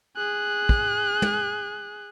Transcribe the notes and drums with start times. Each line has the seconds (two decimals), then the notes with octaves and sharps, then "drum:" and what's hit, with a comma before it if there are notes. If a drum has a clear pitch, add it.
0.16 G#4 F#6
0.69 drum: kick
1.22 drum: tom